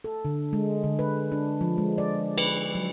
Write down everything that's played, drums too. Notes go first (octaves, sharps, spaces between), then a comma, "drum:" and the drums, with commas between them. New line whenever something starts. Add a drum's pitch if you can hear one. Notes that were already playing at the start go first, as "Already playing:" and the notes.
A4
D3
G#3
D3
B4
D4
F3
G#3
D5
B4, drum: cymbal
F#3